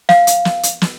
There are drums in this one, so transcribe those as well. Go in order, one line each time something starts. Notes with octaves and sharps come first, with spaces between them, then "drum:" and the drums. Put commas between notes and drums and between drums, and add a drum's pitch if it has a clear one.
F5, drum: snare
drum: hi-hat
drum: snare
drum: hi-hat
drum: snare